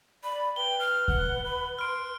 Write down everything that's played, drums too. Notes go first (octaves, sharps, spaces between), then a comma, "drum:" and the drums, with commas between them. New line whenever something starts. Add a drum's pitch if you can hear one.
D5 B5
B4 G5 G7
F6
F#5, drum: kick D2
B5
C6 F6 D7